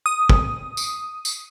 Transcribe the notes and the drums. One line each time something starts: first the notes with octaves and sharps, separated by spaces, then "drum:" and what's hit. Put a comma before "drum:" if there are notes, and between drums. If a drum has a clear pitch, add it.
D#6
drum: kick
drum: tambourine
drum: tambourine